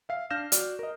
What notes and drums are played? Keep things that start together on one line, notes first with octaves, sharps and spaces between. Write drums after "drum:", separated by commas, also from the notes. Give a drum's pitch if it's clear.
E5 F5 C7
D4 F5 F6 G6 A#6 E7
F#4 D5, drum: hi-hat
A#4 D#5